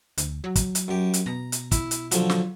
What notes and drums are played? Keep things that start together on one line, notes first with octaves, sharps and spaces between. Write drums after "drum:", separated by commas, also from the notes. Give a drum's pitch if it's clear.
D2, drum: hi-hat
F#3
drum: kick, hi-hat
drum: hi-hat
F#2 G4
drum: hi-hat
B2 A#5
drum: hi-hat
E4, drum: kick, hi-hat
drum: hi-hat
D3 F3 F#3, drum: hi-hat
drum: snare